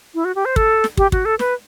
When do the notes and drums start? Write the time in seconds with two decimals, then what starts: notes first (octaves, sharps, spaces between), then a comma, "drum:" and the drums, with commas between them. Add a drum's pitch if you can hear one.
0.15 E4
0.25 F#4
0.35 G4
0.45 C5
0.56 A4, drum: kick
0.84 drum: snare
0.97 G4, drum: kick
1.12 F#4, drum: kick
1.25 A4
1.39 B4, drum: snare